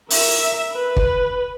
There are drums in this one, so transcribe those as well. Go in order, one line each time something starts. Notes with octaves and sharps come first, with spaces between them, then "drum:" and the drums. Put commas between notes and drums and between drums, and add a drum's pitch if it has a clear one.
A#4 E5, drum: open hi-hat
B4
drum: kick